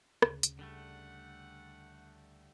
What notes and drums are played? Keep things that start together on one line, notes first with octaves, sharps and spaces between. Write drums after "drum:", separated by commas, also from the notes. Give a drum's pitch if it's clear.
D2 C#3, drum: rim click
drum: hi-hat
D3 G3 A3 F#5